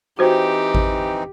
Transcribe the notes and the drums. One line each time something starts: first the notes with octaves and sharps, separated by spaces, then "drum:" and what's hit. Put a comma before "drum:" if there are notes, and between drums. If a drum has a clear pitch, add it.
E3 C4 D#4 F#4 G4 C5
drum: kick G#1